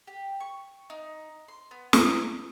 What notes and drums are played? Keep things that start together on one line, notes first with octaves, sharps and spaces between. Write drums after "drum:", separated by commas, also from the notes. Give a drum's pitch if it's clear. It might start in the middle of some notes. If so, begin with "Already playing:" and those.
G4
C#6
D#4
C6
B3
D#6, drum: snare